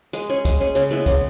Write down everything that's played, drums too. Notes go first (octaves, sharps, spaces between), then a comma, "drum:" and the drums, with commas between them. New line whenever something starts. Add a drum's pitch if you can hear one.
G#3, drum: hi-hat
C#4 G#4
G#3, drum: kick, hi-hat
C#4 G#4
C#3, drum: hi-hat
G#3 B3 E4
C#3, drum: kick, hi-hat